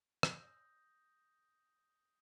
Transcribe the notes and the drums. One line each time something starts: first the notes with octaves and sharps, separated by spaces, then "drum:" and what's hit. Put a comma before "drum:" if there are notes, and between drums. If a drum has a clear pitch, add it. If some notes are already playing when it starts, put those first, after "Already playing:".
D#6 G6 A#6, drum: rim click